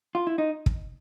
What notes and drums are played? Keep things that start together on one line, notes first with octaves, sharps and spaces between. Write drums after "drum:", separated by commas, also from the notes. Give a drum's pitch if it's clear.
F4
E4
D#4
drum: kick